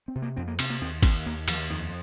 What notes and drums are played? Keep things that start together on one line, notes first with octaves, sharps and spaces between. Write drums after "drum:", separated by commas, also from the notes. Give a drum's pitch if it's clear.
C4
C3
A#3
F2 C4
A#3
C3 C4, drum: cymbal
A#3
D#2 C4
D#2 C4, drum: kick G#1, cymbal
D#2 A#3
D#2 F3, drum: cymbal
F2 D#3